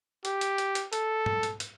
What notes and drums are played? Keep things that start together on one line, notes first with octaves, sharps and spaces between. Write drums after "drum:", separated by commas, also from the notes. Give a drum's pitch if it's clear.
G4, drum: hi-hat
drum: hi-hat
drum: hi-hat
drum: hi-hat
A4, drum: hi-hat
drum: tom G#2
drum: hi-hat
drum: hi-hat